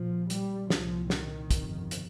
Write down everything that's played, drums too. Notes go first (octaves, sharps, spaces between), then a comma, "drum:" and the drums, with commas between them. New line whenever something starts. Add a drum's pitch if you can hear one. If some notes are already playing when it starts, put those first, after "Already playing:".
Already playing: A#1 A#2 F3
G3, drum: hi-hat
C2 A#2 F3, drum: snare
D#3, drum: snare
G1 F2 C3, drum: kick, hi-hat
drum: hi-hat